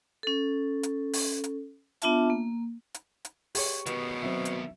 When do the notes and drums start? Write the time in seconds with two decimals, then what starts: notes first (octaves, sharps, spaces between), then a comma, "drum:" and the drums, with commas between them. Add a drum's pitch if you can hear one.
0.23 C#4 A4
0.83 drum: hi-hat
1.13 drum: open hi-hat
1.44 drum: hi-hat
2.02 B3 D4 F4 E5 A5, drum: hi-hat
2.30 A#3
2.94 drum: hi-hat
3.25 drum: hi-hat
3.55 G4 G#4 C#5 C#6, drum: open hi-hat
3.86 B2 D#3 B3, drum: hi-hat
4.23 F#3 C4 E5
4.45 drum: hi-hat